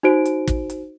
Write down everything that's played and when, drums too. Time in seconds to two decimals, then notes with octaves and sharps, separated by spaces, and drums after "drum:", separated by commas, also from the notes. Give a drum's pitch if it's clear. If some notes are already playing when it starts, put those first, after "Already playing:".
0.03 D#4 F#4 C5 D7
0.25 drum: hi-hat
0.48 drum: kick, hi-hat
0.70 drum: hi-hat